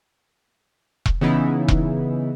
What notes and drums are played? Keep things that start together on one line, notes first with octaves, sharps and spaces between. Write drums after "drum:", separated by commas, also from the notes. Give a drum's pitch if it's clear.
drum: kick E1
C#3 E3 B3 D#4 E4
drum: kick E1